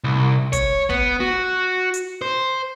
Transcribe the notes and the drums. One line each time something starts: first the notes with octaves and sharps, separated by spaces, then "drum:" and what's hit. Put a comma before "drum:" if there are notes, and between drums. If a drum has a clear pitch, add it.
C2
C#5, drum: kick, hi-hat
B3, drum: kick
F#4
drum: hi-hat
C5